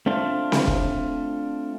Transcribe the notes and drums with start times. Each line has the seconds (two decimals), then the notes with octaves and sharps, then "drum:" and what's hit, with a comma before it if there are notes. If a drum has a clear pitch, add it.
0.06 A3 C4 D4 F4
0.52 drum: snare C4
0.67 drum: kick F1